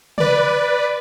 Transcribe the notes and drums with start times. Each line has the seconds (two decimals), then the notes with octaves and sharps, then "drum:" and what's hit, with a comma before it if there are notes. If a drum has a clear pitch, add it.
0.18 B4 D5, drum: tom